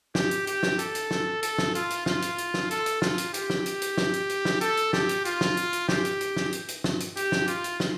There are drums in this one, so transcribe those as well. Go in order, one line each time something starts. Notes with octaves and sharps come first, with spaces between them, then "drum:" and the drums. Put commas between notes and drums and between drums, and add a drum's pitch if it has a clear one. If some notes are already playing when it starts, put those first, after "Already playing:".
G4, drum: snare
drum: hi-hat
G4, drum: hi-hat
drum: snare
A4, drum: hi-hat
drum: hi-hat
drum: snare
A4, drum: hi-hat
drum: snare
F4, drum: hi-hat
drum: hi-hat
F4, drum: snare
drum: hi-hat
drum: hi-hat
drum: snare
A4, drum: hi-hat
drum: hi-hat
F4, drum: snare
drum: hi-hat
G4, drum: hi-hat
drum: snare
drum: hi-hat
drum: hi-hat
drum: snare
drum: hi-hat
drum: hi-hat
drum: snare
A4, drum: hi-hat
drum: hi-hat
G4, drum: snare
drum: hi-hat
F4, drum: hi-hat
drum: snare
drum: hi-hat
drum: hi-hat
G4, drum: snare
drum: hi-hat
drum: hi-hat
drum: snare
drum: hi-hat
drum: hi-hat
drum: snare
drum: hi-hat
G4, drum: hi-hat
drum: snare
F4, drum: hi-hat
drum: hi-hat
drum: snare